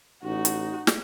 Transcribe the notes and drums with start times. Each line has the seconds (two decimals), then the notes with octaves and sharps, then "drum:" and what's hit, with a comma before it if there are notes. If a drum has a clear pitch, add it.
0.24 A1 D#4 F#4
0.45 drum: hi-hat
0.87 drum: snare